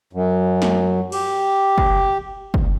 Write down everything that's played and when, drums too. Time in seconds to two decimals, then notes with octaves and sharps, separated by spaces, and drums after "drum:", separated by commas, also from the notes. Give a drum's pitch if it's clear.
0.13 F#2
0.62 drum: snare
1.12 G4, drum: cymbal
1.78 drum: kick
2.54 drum: kick